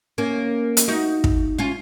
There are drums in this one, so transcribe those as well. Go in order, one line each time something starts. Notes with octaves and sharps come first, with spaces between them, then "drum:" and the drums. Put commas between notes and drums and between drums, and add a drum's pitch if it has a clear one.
A#3 C#4
drum: hi-hat
D#4 F#4
drum: kick
C#4 F4